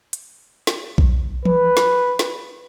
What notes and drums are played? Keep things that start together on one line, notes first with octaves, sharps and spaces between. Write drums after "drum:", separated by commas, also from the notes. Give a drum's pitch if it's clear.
drum: hi-hat
drum: snare
drum: kick B1
B4, drum: tom E3
drum: snare
drum: snare